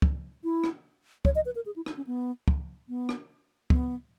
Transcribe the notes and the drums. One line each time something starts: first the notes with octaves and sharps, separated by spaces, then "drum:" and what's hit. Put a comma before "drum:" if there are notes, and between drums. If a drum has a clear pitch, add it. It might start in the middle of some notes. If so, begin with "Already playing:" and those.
drum: kick
E4
drum: rim click
C#5, drum: kick
D#5
B4
A#4
G#4
E4
D#4, drum: rim click
C#4
B3
drum: kick
B3
drum: rim click
B3, drum: kick